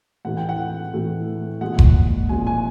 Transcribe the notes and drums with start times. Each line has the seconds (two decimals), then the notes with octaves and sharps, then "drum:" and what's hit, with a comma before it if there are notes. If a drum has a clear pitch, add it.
0.25 A2 E3 A3 F#5
0.37 G5
0.49 F#5
0.93 A2 E3 A3
1.61 A#2 F3 G#3 F#5
1.79 drum: kick F1
2.29 A#2 F3 G#3 G#5
2.47 G#5